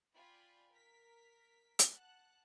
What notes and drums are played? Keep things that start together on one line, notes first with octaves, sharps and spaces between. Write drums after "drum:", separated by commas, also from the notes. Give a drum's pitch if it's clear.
F4 D5 G5 G#5 B5
A#4 B6
drum: hi-hat
F#5 A5 F#6